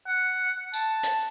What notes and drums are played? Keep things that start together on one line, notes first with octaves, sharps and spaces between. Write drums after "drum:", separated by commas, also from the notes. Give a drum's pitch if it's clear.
F#5
A5, drum: tambourine
drum: hi-hat